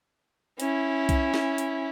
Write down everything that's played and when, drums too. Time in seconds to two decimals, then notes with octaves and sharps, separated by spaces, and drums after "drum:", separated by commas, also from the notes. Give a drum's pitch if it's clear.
0.60 C#4 E4, drum: hi-hat
1.09 drum: kick B1, hi-hat
1.34 drum: snare
1.58 drum: hi-hat